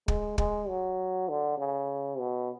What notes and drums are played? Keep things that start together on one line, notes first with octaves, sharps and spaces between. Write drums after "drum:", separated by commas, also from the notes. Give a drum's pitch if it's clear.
G#3, drum: kick
G#3, drum: kick
F#3
D3
C#3
B2